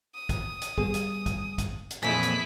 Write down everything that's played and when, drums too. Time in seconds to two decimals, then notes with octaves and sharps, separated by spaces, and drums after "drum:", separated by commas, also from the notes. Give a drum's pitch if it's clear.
0.15 D#6
0.29 drum: kick, hi-hat
0.62 drum: hi-hat
0.78 G3 B3 G#4, drum: kick
0.94 drum: hi-hat
1.26 drum: kick, hi-hat
1.58 drum: kick, hi-hat
1.91 drum: hi-hat
2.03 F2 A#2 E3 E4 G#4 G#5 B6
2.23 drum: hi-hat